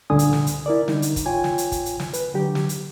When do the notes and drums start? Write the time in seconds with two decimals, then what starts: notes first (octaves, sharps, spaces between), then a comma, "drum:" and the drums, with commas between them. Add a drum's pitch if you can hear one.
0.10 C#2 A#2 D3 G3 G#5 D#6
0.19 drum: hi-hat
0.33 drum: snare
0.47 drum: hi-hat
0.66 E4 A#4 D5
0.88 D3 G3 D#4, drum: snare
1.02 drum: hi-hat
1.16 drum: kick, hi-hat
1.26 F4 C#5 G5 G#5
1.44 drum: snare
1.58 drum: hi-hat
1.72 drum: kick, hi-hat
1.86 drum: hi-hat
2.00 drum: snare
2.13 B4, drum: hi-hat
2.34 D3 F#3 G4
2.55 drum: snare
2.69 drum: hi-hat